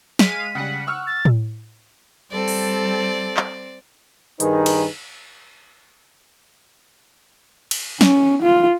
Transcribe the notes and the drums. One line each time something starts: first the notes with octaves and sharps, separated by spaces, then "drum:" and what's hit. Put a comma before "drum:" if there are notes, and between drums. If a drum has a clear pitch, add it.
G#3 F5 B6 D#7, drum: snare
C#3 G3 F#5
C#6 E6 F6
A6
drum: tom A2
G3 C4 A4 D5
drum: open hi-hat
drum: clap
G2 D#3 D#4 G#4 A#4 B4, drum: hi-hat
drum: cymbal
drum: cymbal
C#4, drum: snare
F4